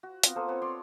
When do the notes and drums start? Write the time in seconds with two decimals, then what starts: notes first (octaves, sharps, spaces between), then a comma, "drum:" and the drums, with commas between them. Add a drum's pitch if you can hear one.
0.03 F#4
0.23 B3 C4 F4, drum: hi-hat
0.36 A#3 A4 C5 D#6
0.48 B3 C4 B4 C#5
0.62 C#5 D5 C6